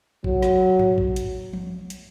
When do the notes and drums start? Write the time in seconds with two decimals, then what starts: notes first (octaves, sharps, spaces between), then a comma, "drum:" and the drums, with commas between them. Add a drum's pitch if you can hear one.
0.24 F#3, drum: kick G#1
0.42 drum: snare
0.79 drum: tom G2
0.98 drum: kick G#1
1.16 drum: hi-hat
1.53 drum: tom F3
1.90 drum: hi-hat